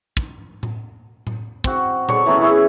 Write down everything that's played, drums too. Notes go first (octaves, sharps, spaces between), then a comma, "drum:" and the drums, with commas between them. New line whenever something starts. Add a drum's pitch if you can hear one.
drum: kick
drum: tom A2
drum: tom A2
C4 F#4, drum: kick
D3 D4 C#5 C#6, drum: tom A#2
E3 F#3 B3 C#4
E4 G#4 E5